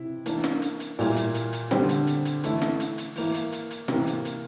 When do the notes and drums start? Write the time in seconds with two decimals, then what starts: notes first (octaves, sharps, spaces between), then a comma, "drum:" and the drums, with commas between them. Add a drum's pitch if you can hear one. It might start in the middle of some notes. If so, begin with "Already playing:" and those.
Already playing: C3 E4
0.26 E3 A#3 D4, drum: hi-hat
0.44 drum: snare
0.62 drum: hi-hat
0.80 drum: hi-hat
0.99 A#2 G3 A#3 E4, drum: open hi-hat
1.16 drum: hi-hat
1.35 drum: hi-hat
1.53 drum: hi-hat
1.71 D3 G3 C4, drum: snare
1.89 drum: hi-hat
2.07 drum: hi-hat
2.25 drum: hi-hat
2.44 E3 A3 E4, drum: hi-hat
2.62 drum: snare
2.80 drum: hi-hat
2.98 drum: hi-hat
3.16 E3 A#3 E4, drum: open hi-hat
3.34 drum: hi-hat
3.52 drum: hi-hat
3.71 drum: hi-hat
3.88 C3 E3 A#3, drum: snare
4.07 drum: hi-hat
4.25 drum: hi-hat